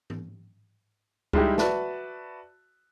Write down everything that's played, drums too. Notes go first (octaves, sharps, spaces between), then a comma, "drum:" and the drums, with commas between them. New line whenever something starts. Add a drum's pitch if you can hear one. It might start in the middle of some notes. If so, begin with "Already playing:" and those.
drum: tom G#2
G3 G#3 D#4 E4 G4, drum: kick C#2
F#4 B4 D5 E5 A5, drum: snare